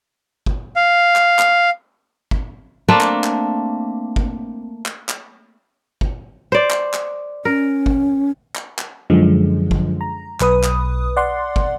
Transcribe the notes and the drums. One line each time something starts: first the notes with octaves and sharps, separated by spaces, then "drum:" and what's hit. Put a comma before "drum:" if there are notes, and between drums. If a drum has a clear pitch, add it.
drum: kick
F5
drum: clap
drum: clap
drum: kick
A3 A#3 C4 D4
drum: clap
drum: clap
drum: kick
drum: clap
drum: clap
drum: kick
C5 D5
drum: clap
drum: clap
C#4 A#4
drum: kick
drum: clap
drum: clap
F#2 D3 F3 G#3
drum: kick
A#5
B1 B4 D#6, drum: clap
drum: clap
D5 F#5 C6
drum: kick